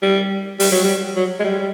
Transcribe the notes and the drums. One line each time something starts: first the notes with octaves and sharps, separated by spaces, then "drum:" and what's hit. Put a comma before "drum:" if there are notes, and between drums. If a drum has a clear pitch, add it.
G3
G3, drum: open hi-hat
F#3
G3
F#3
G#3
G3